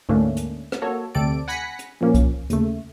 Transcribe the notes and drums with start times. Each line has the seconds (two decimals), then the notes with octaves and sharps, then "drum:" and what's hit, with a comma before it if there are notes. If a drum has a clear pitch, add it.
0.09 D2 G#2 A3 A#3 C#4 D4
0.37 drum: hi-hat
0.72 drum: rim click
0.82 A#3 F#4 A4 C#5
1.15 D2 C3 C4 A4 D5 D7
1.48 F#5 G#5 B5 A#6 B6 C#7
1.79 drum: hi-hat
2.01 A#2 F3 A#3 C#4
2.14 drum: kick C2, hi-hat
2.50 D#2 C#3 A3, drum: hi-hat